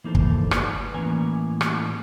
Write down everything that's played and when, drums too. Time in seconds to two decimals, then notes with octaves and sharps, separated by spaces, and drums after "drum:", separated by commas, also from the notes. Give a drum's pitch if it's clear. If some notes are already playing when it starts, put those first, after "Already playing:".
0.04 E3 A#3 D#4 A4 C5
0.15 drum: kick
0.51 B4 D5, drum: rim click
0.94 A2 E3 A#3 C#4 G#5 A#5
1.61 drum: rim click